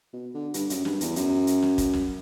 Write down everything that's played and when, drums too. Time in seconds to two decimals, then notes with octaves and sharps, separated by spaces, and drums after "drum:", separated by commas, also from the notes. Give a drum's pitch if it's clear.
0.13 B2
0.34 D3
0.54 G2, drum: hi-hat
0.70 F#2, drum: hi-hat
0.85 G2, drum: snare
1.01 E2, drum: hi-hat
1.16 F#2, drum: hi-hat
1.47 drum: hi-hat
1.62 drum: snare
1.78 drum: kick, hi-hat
1.93 drum: snare